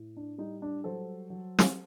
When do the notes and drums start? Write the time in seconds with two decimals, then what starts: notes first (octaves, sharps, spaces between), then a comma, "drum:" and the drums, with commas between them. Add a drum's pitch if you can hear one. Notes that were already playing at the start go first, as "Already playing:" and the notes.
Already playing: A2
0.17 D4
0.38 G3 D#4
0.62 D4
0.84 F#3 A4 C5
1.30 F#3
1.59 drum: snare